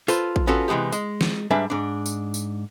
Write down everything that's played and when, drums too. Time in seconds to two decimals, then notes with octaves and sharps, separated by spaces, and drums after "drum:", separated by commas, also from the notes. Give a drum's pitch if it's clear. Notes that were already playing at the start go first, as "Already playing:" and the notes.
0.08 F4 A4 B4 C5, drum: tambourine
0.36 drum: kick
0.47 B3 C#4 F4 F#4 A4
0.68 C3 E3 G#3 B3 G4
0.92 G#3, drum: tambourine
1.21 drum: snare
1.51 G#2 G3 D4 B4 E5 G#5
1.70 G#2 D4
2.06 drum: tambourine
2.34 drum: tambourine